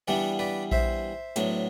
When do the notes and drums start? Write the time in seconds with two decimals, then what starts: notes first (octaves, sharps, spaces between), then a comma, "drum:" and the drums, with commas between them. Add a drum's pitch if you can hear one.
0.08 E3 G3 B3 D4 D5 F#5
0.39 B4 D5
0.72 C5 E5, drum: kick A#1
1.36 A2 F#3 B3 D4, drum: hi-hat